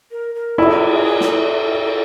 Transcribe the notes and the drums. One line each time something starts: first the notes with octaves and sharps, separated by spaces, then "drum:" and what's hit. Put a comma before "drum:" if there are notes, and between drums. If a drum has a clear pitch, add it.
A#4
A#4
E4 A4, drum: cymbal
G#4
A4, drum: snare